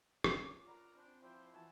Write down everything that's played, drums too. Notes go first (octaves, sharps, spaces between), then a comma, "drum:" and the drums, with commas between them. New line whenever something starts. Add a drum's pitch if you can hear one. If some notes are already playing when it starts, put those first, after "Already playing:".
C#4 D4 F4 C#5 D6, drum: rim click
A#4 B4 D5 F#5 A#5
C4 D4 C5
F3 E4 C5 D5 G5
E3 F#4 E5 G#5 A5